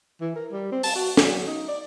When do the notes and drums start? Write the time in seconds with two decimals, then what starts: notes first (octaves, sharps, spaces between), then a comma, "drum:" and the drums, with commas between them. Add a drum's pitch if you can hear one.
0.21 E3
0.36 A#4
0.52 G3
0.72 C4
0.83 A5, drum: open hi-hat
0.95 F#4
1.17 F#3, drum: snare
1.47 D#4
1.68 D5